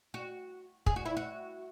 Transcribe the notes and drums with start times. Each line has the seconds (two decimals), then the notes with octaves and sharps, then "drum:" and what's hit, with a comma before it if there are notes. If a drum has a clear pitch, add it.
0.14 F#4
0.86 G#4, drum: kick
0.96 F#4
1.05 E4
1.17 F#4